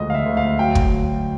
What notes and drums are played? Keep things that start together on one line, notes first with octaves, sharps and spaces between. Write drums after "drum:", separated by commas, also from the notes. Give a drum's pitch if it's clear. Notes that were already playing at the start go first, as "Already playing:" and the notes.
Already playing: D2 F3 G#3 D#5
F5
E5
D2
F5
F#3 G5
drum: kick